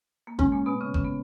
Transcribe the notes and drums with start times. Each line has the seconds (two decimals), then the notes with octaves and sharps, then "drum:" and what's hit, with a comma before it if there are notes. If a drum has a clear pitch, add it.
0.27 A#3
0.39 G#2 G#3 C#4, drum: kick G#1
0.52 A#2 A#3
0.66 B2 B3
0.81 C#3 C#4
0.94 C#3 C#4, drum: kick G#1
1.05 B3